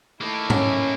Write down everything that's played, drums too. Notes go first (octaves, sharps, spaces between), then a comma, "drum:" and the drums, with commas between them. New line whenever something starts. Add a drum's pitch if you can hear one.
A3 A#3 D#4 E4
C#4, drum: tom G#2